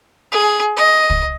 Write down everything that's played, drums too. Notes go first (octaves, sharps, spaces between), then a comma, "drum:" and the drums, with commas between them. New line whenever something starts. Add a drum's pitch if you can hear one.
G#4
D#5
drum: kick